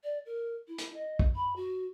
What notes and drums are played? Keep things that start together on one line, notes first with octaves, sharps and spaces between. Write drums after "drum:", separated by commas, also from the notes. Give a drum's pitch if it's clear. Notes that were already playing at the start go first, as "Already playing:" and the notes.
D5
A#4
E4
drum: hi-hat
D#5
drum: kick
B5
F#4